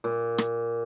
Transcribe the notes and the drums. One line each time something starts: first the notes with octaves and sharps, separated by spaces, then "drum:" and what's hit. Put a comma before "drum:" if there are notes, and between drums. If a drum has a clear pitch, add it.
A#2
drum: rim click